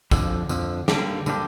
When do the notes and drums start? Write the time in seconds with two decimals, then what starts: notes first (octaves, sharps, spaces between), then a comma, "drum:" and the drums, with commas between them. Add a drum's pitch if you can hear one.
0.11 F2 D3 F3, drum: kick, tambourine
0.49 F2 D3 F3, drum: tambourine
0.88 D3 G3 A#3 D4 G4, drum: snare
1.26 D3 G3 A#3 D4 G4, drum: tambourine